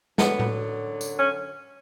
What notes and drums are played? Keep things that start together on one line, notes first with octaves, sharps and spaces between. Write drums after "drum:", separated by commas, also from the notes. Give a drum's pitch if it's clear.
F#2 D3 F#3 B3, drum: snare
drum: tom A2
drum: tambourine
C#4